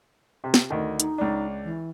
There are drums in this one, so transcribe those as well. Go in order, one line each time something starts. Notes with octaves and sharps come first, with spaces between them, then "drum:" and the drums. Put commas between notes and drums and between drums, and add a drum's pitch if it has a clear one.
C3
drum: snare
D2 D#3
D#4, drum: hi-hat
C#2 D4
E3